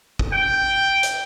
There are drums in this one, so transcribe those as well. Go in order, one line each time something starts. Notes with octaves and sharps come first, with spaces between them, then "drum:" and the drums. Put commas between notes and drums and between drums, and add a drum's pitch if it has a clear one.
drum: kick
G5
drum: hi-hat